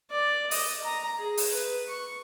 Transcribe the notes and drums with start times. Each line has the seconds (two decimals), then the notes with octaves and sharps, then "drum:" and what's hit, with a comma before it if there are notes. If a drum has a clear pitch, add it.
0.11 D5
0.51 D#5, drum: open hi-hat
0.84 A#5
1.18 G#4
1.37 drum: open hi-hat
1.52 B4
1.88 C#6